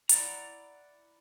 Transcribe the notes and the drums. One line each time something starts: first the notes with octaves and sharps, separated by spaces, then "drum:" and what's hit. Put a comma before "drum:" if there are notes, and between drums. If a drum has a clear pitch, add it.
E4 D5 F#5 A#5, drum: hi-hat